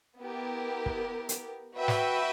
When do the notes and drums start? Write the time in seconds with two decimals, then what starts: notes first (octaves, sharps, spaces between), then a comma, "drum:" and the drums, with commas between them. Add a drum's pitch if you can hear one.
0.20 B3 E4 G4 A#4
0.86 drum: kick
1.29 drum: hi-hat
1.78 F#4 B4 E5 G5
1.88 drum: snare